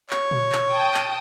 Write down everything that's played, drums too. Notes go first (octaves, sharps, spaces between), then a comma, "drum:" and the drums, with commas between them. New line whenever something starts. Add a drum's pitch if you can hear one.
C#5, drum: clap
drum: tom A#2
drum: clap
G5 A5 D#6
drum: clap